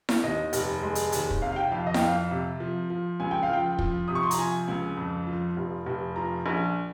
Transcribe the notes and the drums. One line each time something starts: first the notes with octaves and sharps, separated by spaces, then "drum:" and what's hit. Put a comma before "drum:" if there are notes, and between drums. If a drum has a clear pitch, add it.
drum: snare E4
D#2 D#5
F1, drum: hi-hat
G#3
drum: hi-hat
D#2, drum: hi-hat
drum: kick
C3 F5
F5
G5
F2 F5
D#5
G5, drum: snare E4
F2 F5
C3
F3
F3
C#2 G#5
G5
F5
F3 G5
F3, drum: kick
C3 D#6
C#6
C6
A#5, drum: hi-hat
F3 G#5
C#2
F2
F3
F1
F1
F3 A#5
A#1